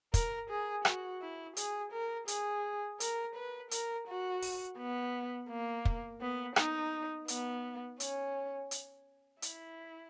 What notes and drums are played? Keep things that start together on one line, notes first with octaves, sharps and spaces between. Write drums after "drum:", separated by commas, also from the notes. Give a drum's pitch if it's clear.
A#4, drum: kick, hi-hat
G#4
F#4, drum: rim click
E4
G#4, drum: hi-hat
A#4
G#4, drum: hi-hat
A#4, drum: hi-hat
B4
A#4, drum: hi-hat
F#4
drum: open hi-hat
B3
A#3
drum: kick
B3
D#4, drum: rim click
B3, drum: hi-hat
C#4, drum: hi-hat
drum: hi-hat
E4, drum: hi-hat